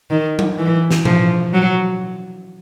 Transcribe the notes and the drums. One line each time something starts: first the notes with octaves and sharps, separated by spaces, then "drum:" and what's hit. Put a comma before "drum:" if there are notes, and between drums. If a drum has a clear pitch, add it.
D#3
drum: tom F#3
E3
drum: snare
F3, drum: tom B2
F#3